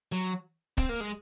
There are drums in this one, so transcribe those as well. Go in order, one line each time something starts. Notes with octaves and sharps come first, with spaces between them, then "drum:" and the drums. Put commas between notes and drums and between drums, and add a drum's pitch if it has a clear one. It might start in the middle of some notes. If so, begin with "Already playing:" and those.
F#3
C4, drum: kick
A#3
G#3